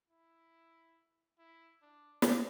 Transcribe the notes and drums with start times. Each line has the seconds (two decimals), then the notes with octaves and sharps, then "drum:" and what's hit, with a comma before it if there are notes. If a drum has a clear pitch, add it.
0.09 E4
1.39 E4
1.82 D4
2.22 drum: snare